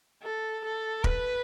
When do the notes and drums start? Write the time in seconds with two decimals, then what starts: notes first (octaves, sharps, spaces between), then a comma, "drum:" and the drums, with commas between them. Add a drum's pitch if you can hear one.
0.23 A4
0.65 A4
1.04 B4, drum: kick